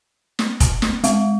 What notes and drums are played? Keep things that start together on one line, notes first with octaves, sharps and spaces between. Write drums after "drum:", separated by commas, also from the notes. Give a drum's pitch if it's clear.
drum: snare
drum: kick, hi-hat
drum: snare
G#3, drum: hi-hat